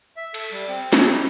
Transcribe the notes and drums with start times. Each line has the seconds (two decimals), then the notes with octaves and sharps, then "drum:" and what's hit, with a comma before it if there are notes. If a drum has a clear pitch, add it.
0.17 E5
0.34 A4, drum: cymbal
0.52 G3
0.68 C4
0.93 E4, drum: snare
1.15 D#4